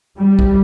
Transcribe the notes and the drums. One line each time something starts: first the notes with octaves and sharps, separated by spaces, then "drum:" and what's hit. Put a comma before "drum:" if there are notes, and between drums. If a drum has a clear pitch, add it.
G3
drum: kick B1